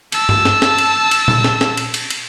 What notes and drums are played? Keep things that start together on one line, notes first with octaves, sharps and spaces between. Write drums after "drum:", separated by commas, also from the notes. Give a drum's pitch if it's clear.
A5 E6, drum: cymbal
drum: tom G2
drum: snare
drum: snare
drum: cymbal
drum: cymbal
drum: tom A#2
drum: snare
drum: snare
drum: cymbal
drum: cymbal
drum: cymbal